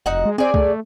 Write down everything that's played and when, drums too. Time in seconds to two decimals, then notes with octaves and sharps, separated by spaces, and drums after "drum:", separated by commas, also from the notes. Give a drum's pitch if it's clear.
0.06 F1 D#4 F#4 F#5
0.25 G#3
0.38 C4 G#4 D5
0.54 A3, drum: kick